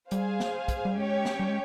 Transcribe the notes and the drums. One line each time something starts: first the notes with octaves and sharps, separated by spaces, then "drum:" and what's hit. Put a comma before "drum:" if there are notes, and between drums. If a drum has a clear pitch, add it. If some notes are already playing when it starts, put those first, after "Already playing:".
G3 G#4 C5 F5 G#5, drum: hi-hat
drum: snare
drum: kick, hi-hat
G3
G#3 C#4 G4 C#5 G5
drum: snare
G3
G#3